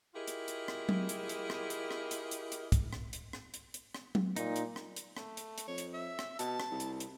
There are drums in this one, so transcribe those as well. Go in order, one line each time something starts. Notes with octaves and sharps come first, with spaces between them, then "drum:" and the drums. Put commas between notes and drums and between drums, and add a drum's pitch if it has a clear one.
E4 F4 G4 G#4 A#4 D#5
drum: hi-hat
drum: hi-hat
drum: rim click
drum: tom F#3
drum: hi-hat
drum: hi-hat
drum: rim click
drum: hi-hat
drum: rim click
drum: hi-hat
drum: hi-hat
drum: hi-hat
drum: kick, hi-hat
drum: rim click
drum: hi-hat
drum: rim click
drum: hi-hat
drum: hi-hat
drum: rim click
drum: tom F#3
A#2 D#4, drum: hi-hat
drum: hi-hat
drum: rim click
drum: hi-hat
A3, drum: rim click
drum: hi-hat
drum: hi-hat
F2 C#5
drum: hi-hat
E5
drum: rim click
B2 A5, drum: hi-hat
drum: rim click
C2
drum: hi-hat
drum: hi-hat